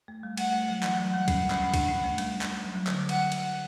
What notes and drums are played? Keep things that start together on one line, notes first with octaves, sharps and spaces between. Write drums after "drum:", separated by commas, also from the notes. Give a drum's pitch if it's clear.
A3
G3
A3 F#5, drum: cymbal
A3
F#3
E3 F#5, drum: clap
F#3
G3
C#4, drum: kick C2, cymbal
C#4, drum: clap
C#4
D4, drum: kick C2, cymbal
C#4
A3
G3, drum: cymbal
drum: clap
F#3
F#3
D3, drum: clap
D3
F#5, drum: cymbal
drum: cymbal